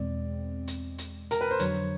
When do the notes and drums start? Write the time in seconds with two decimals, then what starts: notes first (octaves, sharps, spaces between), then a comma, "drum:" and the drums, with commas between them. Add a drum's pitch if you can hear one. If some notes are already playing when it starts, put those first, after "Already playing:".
Already playing: E2 B2 G#3 C4 D5
0.68 drum: hi-hat
0.98 drum: hi-hat
1.31 A#4, drum: hi-hat
1.41 B4
1.51 C5
1.59 F2 D3 F#3 C#5, drum: hi-hat